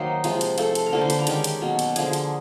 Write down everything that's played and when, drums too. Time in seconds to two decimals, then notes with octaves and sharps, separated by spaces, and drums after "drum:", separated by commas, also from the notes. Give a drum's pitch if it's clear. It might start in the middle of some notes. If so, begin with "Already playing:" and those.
Already playing: D#3 F#3 A#3 D#4 C5
0.24 C3 F3 G#3, drum: hi-hat
0.41 drum: hi-hat
0.58 F3 A3 C4 A4, drum: hi-hat
0.75 drum: hi-hat
0.86 A#4
0.93 D3 F3 A#3 A4
1.01 C5
1.10 B4, drum: hi-hat
1.19 A#4
1.27 D#3 G#3 C#4 G4, drum: hi-hat
1.44 drum: hi-hat
1.61 B2 F#3 A#3
1.79 drum: hi-hat
1.96 D3 F3 A#3 G#4, drum: hi-hat
2.13 drum: hi-hat